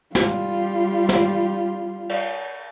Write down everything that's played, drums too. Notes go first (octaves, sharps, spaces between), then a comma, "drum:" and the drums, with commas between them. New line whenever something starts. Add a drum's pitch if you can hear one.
G3 F4, drum: snare
drum: snare
drum: cymbal